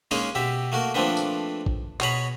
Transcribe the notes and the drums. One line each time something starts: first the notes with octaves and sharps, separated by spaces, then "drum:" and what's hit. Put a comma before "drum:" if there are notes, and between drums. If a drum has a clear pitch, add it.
G#3 A#3 C#4 D#4 G#4, drum: open hi-hat
B2 G4 E5
A3 A#3 F#4 A#4
F3 A3 A#3 C4 D4 B4
drum: tambourine
drum: kick A1
B2 G#4 C#5 A#5 B5, drum: clap